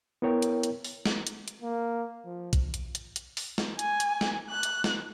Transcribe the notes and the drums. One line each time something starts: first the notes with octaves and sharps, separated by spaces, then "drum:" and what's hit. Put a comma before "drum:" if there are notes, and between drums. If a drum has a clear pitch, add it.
B3 E4 A#4 C#5 G5
drum: hi-hat
drum: hi-hat
drum: open hi-hat
drum: snare
drum: hi-hat
drum: hi-hat
A#3
F3
drum: kick A#1, hi-hat
drum: hi-hat
drum: hi-hat
drum: hi-hat
drum: open hi-hat
drum: snare
G#5, drum: hi-hat
drum: hi-hat
drum: snare
F#6
drum: hi-hat
drum: snare